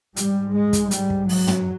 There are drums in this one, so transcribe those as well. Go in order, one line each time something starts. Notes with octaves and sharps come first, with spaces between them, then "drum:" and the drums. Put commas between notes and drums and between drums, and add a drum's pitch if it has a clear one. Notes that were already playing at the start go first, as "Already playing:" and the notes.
G#2 G3, drum: hi-hat
G#3
drum: kick, hi-hat
G3, drum: hi-hat
drum: kick
F#3, drum: open hi-hat
drum: tom